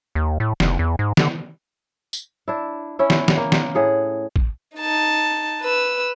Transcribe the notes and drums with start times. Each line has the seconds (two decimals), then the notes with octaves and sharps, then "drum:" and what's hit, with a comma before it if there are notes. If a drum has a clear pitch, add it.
0.15 D#2
0.40 A2
0.60 F1, drum: snare
0.79 E2
0.99 G#2
1.17 D3, drum: snare
2.13 drum: tambourine
2.48 D4 E4
2.99 C#4 E4
3.10 drum: snare
3.28 drum: snare
3.37 A#3
3.52 drum: snare
3.75 A2 G#4 F#5
4.36 drum: kick
4.76 D#4 A5
5.62 B4 E6